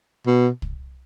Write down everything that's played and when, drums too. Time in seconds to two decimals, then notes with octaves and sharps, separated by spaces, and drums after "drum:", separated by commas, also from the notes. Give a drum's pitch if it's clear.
0.26 B2
0.62 drum: kick